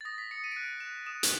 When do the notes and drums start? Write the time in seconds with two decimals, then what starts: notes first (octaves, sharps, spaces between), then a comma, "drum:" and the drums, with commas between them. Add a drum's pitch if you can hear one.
0.01 A6
0.05 D#6 A#6
0.18 B6
0.31 D#6 C#7
0.44 D#7
0.52 D7
0.56 F#6 D#7
0.80 F#6 E7
1.06 D#6 E7
1.23 drum: hi-hat